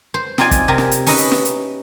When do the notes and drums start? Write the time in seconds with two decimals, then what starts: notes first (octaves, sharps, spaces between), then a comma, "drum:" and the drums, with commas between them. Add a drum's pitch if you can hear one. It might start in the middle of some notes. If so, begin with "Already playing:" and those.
0.14 C5
0.38 C4 D#4 F4 D5 G#5, drum: snare
0.51 drum: kick, hi-hat
0.68 C3 G4 A#4 G#5
0.78 drum: snare
0.91 drum: hi-hat
1.06 C#4 D#4 B4 D#5 E5, drum: open hi-hat
1.18 drum: hi-hat
1.32 drum: snare
1.45 drum: hi-hat